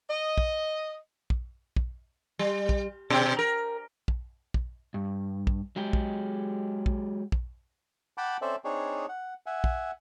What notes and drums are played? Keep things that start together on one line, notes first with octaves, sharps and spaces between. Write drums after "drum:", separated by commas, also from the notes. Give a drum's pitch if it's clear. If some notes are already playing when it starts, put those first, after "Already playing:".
D#5
drum: kick
drum: kick
drum: kick
G3
drum: kick
B2
A#4
drum: kick
drum: kick
G2
drum: kick
F#3 G#3 G4 G#4
drum: kick
drum: kick
drum: kick
F#5 G5 A5 B5 D6
C4 C#4 A4 C5 D5 E5
C4 D4 D#4 G#4 C#5
F#5
E5 F#5 G#5
drum: kick